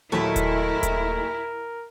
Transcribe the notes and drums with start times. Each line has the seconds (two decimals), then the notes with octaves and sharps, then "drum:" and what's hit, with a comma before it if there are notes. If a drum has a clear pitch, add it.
0.12 D#2 A#2 F#3 A3 D#4 E4 A#4
0.36 drum: kick D#1, hi-hat
0.83 drum: kick D#1, hi-hat